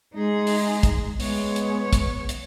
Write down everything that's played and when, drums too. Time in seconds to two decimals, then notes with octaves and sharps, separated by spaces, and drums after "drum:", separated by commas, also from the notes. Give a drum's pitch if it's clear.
0.14 G#3 D#4 G#4
0.47 drum: open hi-hat
0.83 drum: kick, hi-hat
1.20 G#3 B3 C#5, drum: open hi-hat
1.56 drum: hi-hat
1.93 drum: kick, hi-hat
2.29 drum: hi-hat